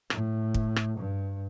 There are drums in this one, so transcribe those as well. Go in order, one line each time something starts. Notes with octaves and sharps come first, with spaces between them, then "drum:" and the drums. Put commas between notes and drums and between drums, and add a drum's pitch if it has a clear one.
A2, drum: rim click
drum: kick
drum: rim click
G2